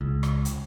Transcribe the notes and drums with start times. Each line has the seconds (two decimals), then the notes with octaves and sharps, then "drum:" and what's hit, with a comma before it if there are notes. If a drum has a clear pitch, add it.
0.01 C#2
0.23 drum: rim click
0.45 drum: hi-hat